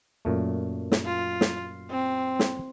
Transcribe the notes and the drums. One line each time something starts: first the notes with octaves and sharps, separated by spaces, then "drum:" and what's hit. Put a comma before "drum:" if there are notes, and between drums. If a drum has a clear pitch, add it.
F#2 A#2 A3
drum: snare
F4
drum: snare
C4
drum: snare